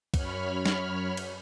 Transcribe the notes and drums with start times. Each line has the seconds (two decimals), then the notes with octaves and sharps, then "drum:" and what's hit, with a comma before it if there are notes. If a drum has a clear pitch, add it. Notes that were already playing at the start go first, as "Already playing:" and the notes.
0.14 F#2 C#5 B5 F6, drum: kick, cymbal
0.66 drum: snare
1.17 drum: cymbal